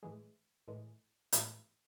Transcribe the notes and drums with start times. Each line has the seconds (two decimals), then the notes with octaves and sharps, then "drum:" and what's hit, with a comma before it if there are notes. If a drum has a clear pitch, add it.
0.03 A2 E3 G#3
0.68 A2 E3 G#3
1.32 A2 E3 G#3, drum: hi-hat